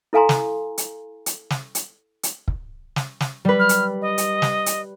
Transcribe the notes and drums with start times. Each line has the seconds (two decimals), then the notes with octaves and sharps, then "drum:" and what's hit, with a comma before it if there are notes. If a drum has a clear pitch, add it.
0.13 E4 A4 F5 G#5 A#5 C6
0.29 drum: snare
0.78 drum: hi-hat
1.26 drum: hi-hat
1.50 drum: snare
1.75 drum: hi-hat
2.23 drum: hi-hat
2.48 drum: kick
2.96 drum: snare
3.21 drum: snare
3.45 G3 B4
3.59 F6
3.69 drum: hi-hat
4.02 D#5
4.18 drum: hi-hat
4.42 drum: snare
4.66 drum: hi-hat